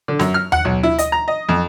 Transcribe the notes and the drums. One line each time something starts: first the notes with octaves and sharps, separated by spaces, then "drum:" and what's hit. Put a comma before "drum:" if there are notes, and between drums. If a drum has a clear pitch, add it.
D3
F#2, drum: snare
F6
F#5, drum: tom D#2
B1
E4
D#5, drum: hi-hat
A#5
D#5
F2